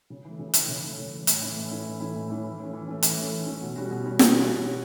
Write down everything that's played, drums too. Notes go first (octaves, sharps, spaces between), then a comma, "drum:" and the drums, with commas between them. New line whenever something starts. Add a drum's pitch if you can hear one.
C#3
E3 A3
C#3
E3 A3, drum: hi-hat
C#3
E3 A3
C#3
E3 A3
A2, drum: hi-hat
E3 A3 C#4 E4
A2
E3 A3 C#4 E4
A2
E3 A3 C#4 E4
A2
E3 A3 C#4 E4
E3
A3 C#4
E3
A3 C#4
E3, drum: hi-hat
A3 C#4
E3
A3 C#4
B2
G3 C#4 F#4
B2
G3 C#4 F#4
B2, drum: snare
G3 C#4 F#4
B2
G3 C#4 F#4